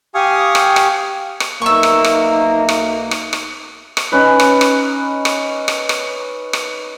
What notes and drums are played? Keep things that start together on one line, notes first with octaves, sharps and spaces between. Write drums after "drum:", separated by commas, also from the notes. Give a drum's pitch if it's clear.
G4 F5 G#5 C#6 D#6
drum: rim click
drum: rim click
drum: rim click
B1 A#3 D#4 E5 C#6
drum: rim click
drum: rim click
drum: rim click
drum: rim click
drum: rim click
drum: rim click
C#4 D#4 B4
drum: rim click
drum: rim click
drum: rim click
drum: rim click
drum: rim click
drum: rim click